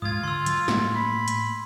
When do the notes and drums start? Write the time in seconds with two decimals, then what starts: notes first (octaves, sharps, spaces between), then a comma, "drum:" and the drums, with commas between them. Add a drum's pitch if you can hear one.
0.02 D2 G#2 F4 D#6 G#6
0.23 D3 C6 E6
0.46 F#3, drum: hi-hat
0.68 A2 A#3, drum: snare
0.95 B5
1.28 drum: hi-hat